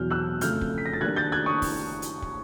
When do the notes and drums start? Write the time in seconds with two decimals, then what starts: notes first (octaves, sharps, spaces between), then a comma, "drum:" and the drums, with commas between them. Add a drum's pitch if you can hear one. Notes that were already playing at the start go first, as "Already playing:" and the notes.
Already playing: E2 B2 F#3 F6 G6
0.11 E6 F#6
0.41 F2 C#3 F3 A3 F6 G6, drum: hi-hat
0.61 drum: kick
0.78 B6
0.86 A#6
0.93 A6
1.01 D#3 G3 A#3 D4 F#6 G#6
1.16 G6 A6
1.32 F#6 G#6
1.46 C#6 D#6
1.62 drum: kick, open hi-hat
2.02 drum: hi-hat
2.22 drum: kick